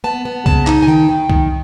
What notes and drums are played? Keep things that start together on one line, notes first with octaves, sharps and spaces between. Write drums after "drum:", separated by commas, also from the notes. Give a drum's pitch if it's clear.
B3 A5
B3
C#3 A5, drum: kick C2
D#4, drum: clap
G#5
D#3 G5
D#3
D#3, drum: kick C2